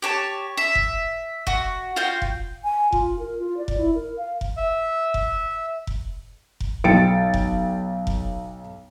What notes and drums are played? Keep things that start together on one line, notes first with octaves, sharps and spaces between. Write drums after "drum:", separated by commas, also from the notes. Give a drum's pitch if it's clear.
G4 C#5 A5
E5
drum: kick F1
F#4, drum: kick F1
F4 F#4 F5 G5
drum: kick F1
G#5
F4, drum: kick F1
A#4
F4
D5
drum: kick F1
E4
A#4
F5
drum: kick F1
E5
drum: kick F1
drum: kick F1
drum: kick F1
B1 G5 A6 C#7 D7
drum: kick F1
drum: kick F1